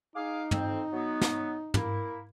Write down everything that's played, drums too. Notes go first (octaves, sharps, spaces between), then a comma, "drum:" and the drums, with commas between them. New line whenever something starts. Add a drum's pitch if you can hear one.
D#4 G#4 F5 D6
F2 C4, drum: tom
F#3 B3
drum: snare
A#3 E4, drum: tom